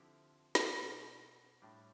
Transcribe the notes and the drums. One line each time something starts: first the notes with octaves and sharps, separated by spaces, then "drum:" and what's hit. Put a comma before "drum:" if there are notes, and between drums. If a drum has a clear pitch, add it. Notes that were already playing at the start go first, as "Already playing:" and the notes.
Already playing: D3 F3 C4 E4 G4
drum: snare
B2 B3 F4 A4
A2 G3 D4